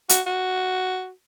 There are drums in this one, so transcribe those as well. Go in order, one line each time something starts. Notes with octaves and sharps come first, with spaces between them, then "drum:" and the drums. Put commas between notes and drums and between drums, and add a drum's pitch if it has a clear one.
F#4, drum: hi-hat
F#4